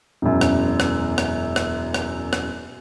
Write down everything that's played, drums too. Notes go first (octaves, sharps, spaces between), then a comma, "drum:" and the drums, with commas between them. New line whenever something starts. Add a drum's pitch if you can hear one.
E1 F#2
drum: rim click
drum: rim click
drum: rim click
drum: rim click
drum: rim click
drum: rim click